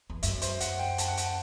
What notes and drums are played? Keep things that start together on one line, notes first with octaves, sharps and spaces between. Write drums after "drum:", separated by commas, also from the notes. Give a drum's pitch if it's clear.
E2
F#2 E5, drum: hi-hat
C5, drum: hi-hat
F#5, drum: hi-hat
G5
A5, drum: hi-hat
F#5
G5, drum: hi-hat